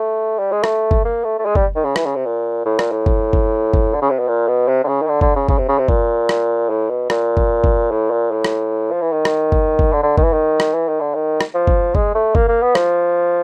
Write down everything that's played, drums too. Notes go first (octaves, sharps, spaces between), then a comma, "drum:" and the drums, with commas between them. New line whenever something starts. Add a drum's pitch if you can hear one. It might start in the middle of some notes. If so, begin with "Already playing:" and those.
Already playing: A3
G3
G#3
A3, drum: rim click
drum: kick
A#3
A3
A3
G#3
G3, drum: kick
D#3
C#3
E3, drum: rim click
C#3
C3
A#2
A2
A#2, drum: rim click
A2
drum: kick
drum: kick
drum: kick
D3
C#3
C3
B2
A#2
B2
C3
D3
C#3
D#3
D3
D3, drum: kick
C#3
C#3, drum: kick
C3
C#3
C3
A#2, drum: kick
drum: rim click
A2
B2
A#2, drum: rim click
drum: kick
drum: kick
A2
A#2
A2
drum: rim click
F3
E3
D#3
drum: rim click
drum: kick
drum: kick
D3
D3
D#3, drum: kick
E3
D#3
drum: rim click
E3
D#3
D3
D#3
drum: rim click
F3
drum: kick
G#3, drum: kick
A3
A#3, drum: kick
A#3
B3
F3, drum: rim click